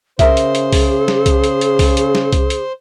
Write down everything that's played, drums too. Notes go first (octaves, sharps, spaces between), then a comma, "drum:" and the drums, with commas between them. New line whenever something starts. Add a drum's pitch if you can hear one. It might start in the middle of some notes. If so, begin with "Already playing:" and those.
C#3 G#4 A#4 C5 E5, drum: kick C2, hi-hat
drum: hi-hat
drum: hi-hat
drum: kick C2, open hi-hat
drum: snare
drum: kick C2, hi-hat
drum: hi-hat
drum: hi-hat
drum: kick C2, open hi-hat
drum: hi-hat
drum: snare
drum: kick C2, hi-hat
drum: hi-hat